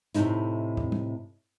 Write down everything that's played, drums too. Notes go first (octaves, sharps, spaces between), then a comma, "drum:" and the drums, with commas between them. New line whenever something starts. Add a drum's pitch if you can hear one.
A2 C3 D#4 E4, drum: hi-hat
drum: tom
drum: tom